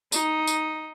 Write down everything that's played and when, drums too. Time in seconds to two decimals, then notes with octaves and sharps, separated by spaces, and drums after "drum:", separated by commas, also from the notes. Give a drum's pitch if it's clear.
0.12 D#4, drum: tambourine
0.47 drum: tambourine